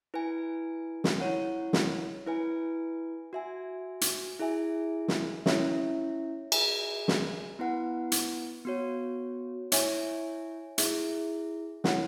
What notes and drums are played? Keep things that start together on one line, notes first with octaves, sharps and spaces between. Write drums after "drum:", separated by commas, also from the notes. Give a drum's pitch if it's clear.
E4 B4 G#5
drum: snare
E4 C#5 F#5
drum: snare
E4 B4 G#5
F#4 E5 G#5
drum: hi-hat
E4 G#4 E5 G#5
drum: snare
C#4 E4 C#5 E5, drum: snare
G#4 E5 G#5, drum: cymbal
drum: snare
B3 E4 B4 F#5
drum: hi-hat
B3 F#4 C#5
E4 C#5 E5 G#5, drum: hi-hat
E4 G#4 E5, drum: hi-hat
E4 C#5 F#5, drum: snare